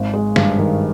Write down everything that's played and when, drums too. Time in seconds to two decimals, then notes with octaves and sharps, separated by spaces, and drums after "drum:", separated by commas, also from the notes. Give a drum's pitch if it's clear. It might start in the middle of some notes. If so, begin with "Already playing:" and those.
Already playing: G#1
0.14 G#3
0.36 G2, drum: snare
0.59 D#3